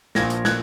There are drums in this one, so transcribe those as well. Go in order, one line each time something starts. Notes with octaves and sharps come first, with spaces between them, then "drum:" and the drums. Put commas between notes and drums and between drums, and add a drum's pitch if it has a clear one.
A#1 A#2 F3 G#6 A#6, drum: snare
drum: hi-hat
F#6 G#6, drum: snare